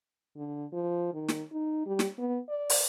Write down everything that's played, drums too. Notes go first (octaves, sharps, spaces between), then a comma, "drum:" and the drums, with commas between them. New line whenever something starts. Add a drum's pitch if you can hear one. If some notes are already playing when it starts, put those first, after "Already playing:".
D3
F3
D#3
drum: snare
D#4
G3
drum: snare
B3
D5
drum: open hi-hat